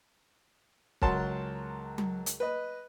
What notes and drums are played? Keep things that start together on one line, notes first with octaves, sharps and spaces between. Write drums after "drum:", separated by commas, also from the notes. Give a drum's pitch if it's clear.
C#2 F#3 A#4 F#5 A5 C6, drum: kick
drum: tom F#3
drum: hi-hat
B4 D#5